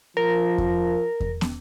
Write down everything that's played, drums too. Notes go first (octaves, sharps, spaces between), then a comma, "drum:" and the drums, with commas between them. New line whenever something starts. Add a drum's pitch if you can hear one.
F3 A#4
drum: kick E2
drum: kick E2
drum: snare